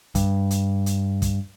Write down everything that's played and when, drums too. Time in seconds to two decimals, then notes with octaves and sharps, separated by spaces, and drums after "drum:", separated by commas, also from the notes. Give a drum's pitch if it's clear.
0.15 G2, drum: kick, hi-hat
0.51 drum: hi-hat
0.86 drum: hi-hat
1.22 drum: kick, hi-hat